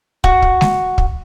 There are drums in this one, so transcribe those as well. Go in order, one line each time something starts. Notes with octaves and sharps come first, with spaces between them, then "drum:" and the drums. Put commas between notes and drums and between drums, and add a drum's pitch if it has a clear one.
F#4, drum: kick
drum: kick
drum: snare G#3
drum: kick